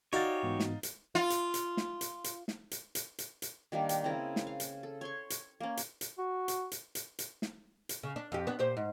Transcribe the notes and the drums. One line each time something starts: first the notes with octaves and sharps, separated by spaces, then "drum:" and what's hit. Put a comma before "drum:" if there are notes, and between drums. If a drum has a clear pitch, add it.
D#4 F#4 G4 C#5 D5 F5 A6
G#2 E3 B3
drum: snare
drum: hi-hat
F4
drum: hi-hat
drum: hi-hat
drum: snare
drum: hi-hat
drum: hi-hat
drum: snare
drum: hi-hat
drum: hi-hat
drum: hi-hat
drum: hi-hat
D#3 G3 A#3 D4
drum: hi-hat
C#3 C4 E4 A#4
drum: snare
F5
drum: hi-hat
A4
C#5 C6 C#6
drum: hi-hat
A#3 C#4
drum: hi-hat
drum: hi-hat
F#4
drum: hi-hat
drum: hi-hat
drum: hi-hat
drum: hi-hat
drum: snare
drum: hi-hat
C#3
D4
F2 G4
B3 D4
A#2 G4 C5
G#2